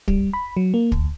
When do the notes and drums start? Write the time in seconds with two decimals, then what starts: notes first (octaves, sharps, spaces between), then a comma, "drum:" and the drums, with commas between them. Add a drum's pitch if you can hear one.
0.08 G3, drum: kick
0.33 B5
0.57 F#3
0.74 A#3
0.92 D2, drum: kick